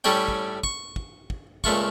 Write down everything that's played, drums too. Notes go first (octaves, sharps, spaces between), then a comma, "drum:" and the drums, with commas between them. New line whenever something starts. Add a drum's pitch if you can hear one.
A2 G3 A3 C#4 C#5 G5
drum: kick
C#6, drum: kick
drum: kick
drum: kick
C#2 A#2 A3 F4 C#6, drum: kick